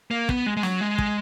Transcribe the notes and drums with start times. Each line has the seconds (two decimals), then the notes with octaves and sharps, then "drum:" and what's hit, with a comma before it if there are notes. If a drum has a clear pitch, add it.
0.11 A#3
0.29 B3, drum: kick
0.46 G#3
0.57 G#3
0.63 F#3, drum: snare
0.81 G#3
0.98 drum: kick